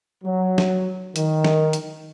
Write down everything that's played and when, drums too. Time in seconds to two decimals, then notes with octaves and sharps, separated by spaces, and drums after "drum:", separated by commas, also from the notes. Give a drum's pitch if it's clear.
0.24 F#3
0.58 drum: snare
1.16 D#3, drum: hi-hat
1.44 drum: snare
1.73 drum: hi-hat